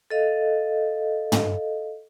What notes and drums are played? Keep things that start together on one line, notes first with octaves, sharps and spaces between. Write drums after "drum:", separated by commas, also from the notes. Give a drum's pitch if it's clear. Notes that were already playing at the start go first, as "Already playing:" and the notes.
A4 D#5 F5
drum: tom